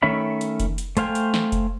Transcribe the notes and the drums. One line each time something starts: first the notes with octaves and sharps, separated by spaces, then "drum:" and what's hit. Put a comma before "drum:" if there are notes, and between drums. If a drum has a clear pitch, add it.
D#3 A3 C#4 E5 B5
drum: hi-hat
drum: kick F1, hi-hat
drum: hi-hat
A3 C5 F5 G5 G#5, drum: hi-hat
drum: hi-hat
drum: snare
drum: kick F1, hi-hat